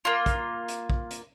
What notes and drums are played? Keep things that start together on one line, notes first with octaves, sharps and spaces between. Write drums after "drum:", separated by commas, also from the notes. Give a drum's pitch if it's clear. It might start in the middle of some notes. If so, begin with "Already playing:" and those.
A#3 F4
drum: kick, hi-hat
drum: hi-hat
drum: kick
drum: hi-hat